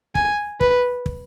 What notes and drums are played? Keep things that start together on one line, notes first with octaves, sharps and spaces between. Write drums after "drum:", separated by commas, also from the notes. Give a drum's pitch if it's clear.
G#5, drum: kick
B4, drum: kick
drum: kick